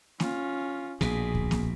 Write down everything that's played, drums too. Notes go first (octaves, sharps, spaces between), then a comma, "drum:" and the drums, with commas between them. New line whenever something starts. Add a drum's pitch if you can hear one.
C#4 F4, drum: snare A#3
A#1 B2 G#4, drum: snare A#3
drum: kick C#2
drum: snare A#3